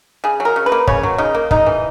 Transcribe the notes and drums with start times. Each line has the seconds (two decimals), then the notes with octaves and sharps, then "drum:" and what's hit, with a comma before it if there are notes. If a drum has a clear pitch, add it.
0.24 C#3 G#4
0.40 F#3
0.45 A#4
0.56 C#3
0.66 B4
0.72 A#3
0.87 C#3 C#5, drum: kick
1.03 F#3
1.18 C#3 D#4
1.35 A#3
1.51 C#3 D#4, drum: kick
1.66 E3